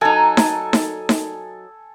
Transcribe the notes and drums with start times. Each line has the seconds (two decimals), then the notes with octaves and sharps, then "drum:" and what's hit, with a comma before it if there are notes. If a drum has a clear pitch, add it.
0.01 F#3 D#4 A4 G#5
0.37 drum: snare D#4
0.73 drum: snare D#4
1.09 drum: snare D#4